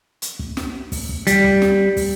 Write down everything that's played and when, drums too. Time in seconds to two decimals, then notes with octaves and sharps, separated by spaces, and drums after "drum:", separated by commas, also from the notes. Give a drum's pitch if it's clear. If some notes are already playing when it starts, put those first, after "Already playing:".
0.22 drum: hi-hat
0.39 drum: kick
0.57 drum: snare
0.92 drum: kick, open hi-hat
1.09 drum: kick
1.27 G3, drum: hi-hat
1.44 drum: kick
1.62 drum: snare
1.97 drum: kick, open hi-hat